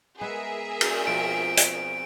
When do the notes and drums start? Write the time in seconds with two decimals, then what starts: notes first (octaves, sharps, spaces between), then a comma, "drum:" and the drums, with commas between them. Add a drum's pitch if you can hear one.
0.21 G#3 B3 G#4 A#4 B4 E5
0.81 drum: cymbal
1.07 B2 F3 C4 D7
1.57 drum: hi-hat